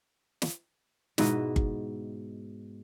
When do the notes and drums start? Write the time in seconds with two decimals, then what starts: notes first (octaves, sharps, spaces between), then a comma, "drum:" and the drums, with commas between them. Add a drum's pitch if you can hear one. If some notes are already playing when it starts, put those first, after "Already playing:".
0.42 drum: snare
1.18 G#2 B2 E4 D#5, drum: snare
1.56 drum: kick G1